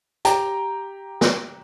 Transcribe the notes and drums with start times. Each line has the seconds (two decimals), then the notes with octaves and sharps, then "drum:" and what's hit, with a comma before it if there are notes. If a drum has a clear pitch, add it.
0.25 G4 G5 A#5, drum: hi-hat
1.21 drum: snare